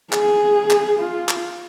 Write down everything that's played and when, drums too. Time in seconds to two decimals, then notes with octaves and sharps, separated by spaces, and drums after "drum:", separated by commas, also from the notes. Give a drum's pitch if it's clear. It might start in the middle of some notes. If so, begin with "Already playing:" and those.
0.12 G#4, drum: clap
0.70 drum: clap
1.00 F4
1.29 drum: clap